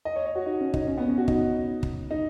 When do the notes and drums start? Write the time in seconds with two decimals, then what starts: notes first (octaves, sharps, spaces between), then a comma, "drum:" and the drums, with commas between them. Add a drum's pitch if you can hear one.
0.05 D#5
0.16 C#5
0.26 C#5
0.35 F#4
0.46 D#4
0.61 C#4
0.74 D#4, drum: kick
0.87 C#4
0.97 B3
1.08 C#4
1.18 F#4
1.28 D#4, drum: kick
1.83 drum: kick
2.11 D#4